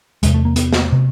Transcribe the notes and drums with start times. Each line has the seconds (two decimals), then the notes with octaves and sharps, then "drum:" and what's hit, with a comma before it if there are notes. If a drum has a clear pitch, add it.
0.23 E2 C3 G#3, drum: hi-hat
0.34 A3
0.45 A#3
0.56 B3, drum: hi-hat
0.73 drum: snare
0.92 C3